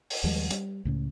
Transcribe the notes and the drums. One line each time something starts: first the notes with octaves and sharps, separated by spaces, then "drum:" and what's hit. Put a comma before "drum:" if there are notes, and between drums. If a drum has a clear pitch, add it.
drum: open hi-hat
D#2 F3 G3 G#3
G3, drum: hi-hat
C#2 A2 C#3